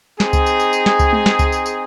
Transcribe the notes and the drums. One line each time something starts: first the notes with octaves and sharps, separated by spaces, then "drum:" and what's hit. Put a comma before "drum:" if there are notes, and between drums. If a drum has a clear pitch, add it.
C4 D#4 G#4, drum: snare
drum: kick C#2, tambourine
drum: tambourine
drum: tambourine
drum: tambourine
drum: snare
drum: kick C#2, tambourine
drum: tom G#3
drum: snare
drum: kick C#2, tambourine
drum: tambourine
drum: tambourine